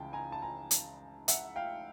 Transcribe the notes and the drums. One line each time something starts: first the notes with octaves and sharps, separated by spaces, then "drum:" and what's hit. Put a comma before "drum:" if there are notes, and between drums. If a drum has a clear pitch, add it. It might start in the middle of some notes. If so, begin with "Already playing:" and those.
Already playing: C#2 C#3 E3 G5 A5
G#5 A#5
A5
G#5 A#5
drum: hi-hat
E5 F#5, drum: hi-hat
F5 G5